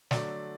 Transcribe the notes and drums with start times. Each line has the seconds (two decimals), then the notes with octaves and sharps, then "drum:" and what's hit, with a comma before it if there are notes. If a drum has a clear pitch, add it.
0.11 D3 F#3 A3 D5, drum: snare